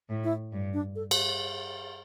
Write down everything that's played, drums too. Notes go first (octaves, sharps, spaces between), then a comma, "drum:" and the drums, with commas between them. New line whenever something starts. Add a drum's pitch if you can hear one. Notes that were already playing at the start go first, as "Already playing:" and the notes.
A2
E4
G2
D4
A4
drum: cymbal